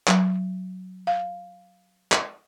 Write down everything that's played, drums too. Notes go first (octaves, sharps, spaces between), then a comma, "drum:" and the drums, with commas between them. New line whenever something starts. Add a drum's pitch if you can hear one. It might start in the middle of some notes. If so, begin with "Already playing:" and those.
F#3, drum: clap
F5
drum: clap